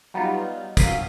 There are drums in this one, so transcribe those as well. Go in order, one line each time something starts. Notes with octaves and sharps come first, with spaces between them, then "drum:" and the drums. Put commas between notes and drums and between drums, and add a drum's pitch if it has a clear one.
F#3 G3 B3 D#4 F4
F#2 F5 B6 D#7, drum: kick, hi-hat